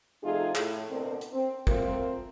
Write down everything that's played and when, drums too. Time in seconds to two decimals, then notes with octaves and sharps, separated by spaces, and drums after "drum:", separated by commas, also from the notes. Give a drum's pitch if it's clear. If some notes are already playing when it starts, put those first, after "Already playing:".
0.24 C3 F3 A3 D#4 F4 G#4
0.55 A2, drum: clap
0.90 D2 B2 D3 C4 D4 A#4
1.21 drum: hi-hat
1.32 C4
1.67 A3 C4 F4 A#4, drum: kick